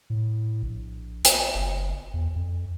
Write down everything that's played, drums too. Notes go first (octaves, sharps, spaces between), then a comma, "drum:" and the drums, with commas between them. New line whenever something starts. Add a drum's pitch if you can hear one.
A2
A#1
drum: hi-hat
F#1
E2
F2